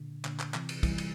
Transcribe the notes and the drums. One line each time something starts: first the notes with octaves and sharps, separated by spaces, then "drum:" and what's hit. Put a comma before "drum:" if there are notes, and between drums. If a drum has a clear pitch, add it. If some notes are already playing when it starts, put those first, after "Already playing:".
Already playing: A#2 D3
A#2 D3, drum: clap
drum: clap
C3 E3, drum: clap
drum: cymbal
E3 G3, drum: kick, cymbal
drum: cymbal